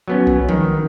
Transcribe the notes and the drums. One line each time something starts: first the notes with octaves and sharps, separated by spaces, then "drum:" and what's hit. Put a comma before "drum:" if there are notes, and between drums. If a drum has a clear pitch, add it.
F#3 B3 C#4
drum: kick B1
D#3, drum: tom F3